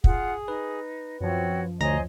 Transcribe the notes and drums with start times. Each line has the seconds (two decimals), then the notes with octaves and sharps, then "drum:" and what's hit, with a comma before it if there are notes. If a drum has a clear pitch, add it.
0.04 F4 G#4 F#5, drum: kick
0.48 D#4 B4
1.21 F#2 F3 C4 F#4 C#5
1.81 D2 C5 C#5 D#5 G#5 A#5 A#6